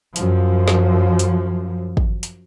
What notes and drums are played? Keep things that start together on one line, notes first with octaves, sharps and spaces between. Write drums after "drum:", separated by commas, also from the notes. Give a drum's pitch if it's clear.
F#2 F3, drum: hi-hat
drum: snare
drum: hi-hat
drum: kick
drum: hi-hat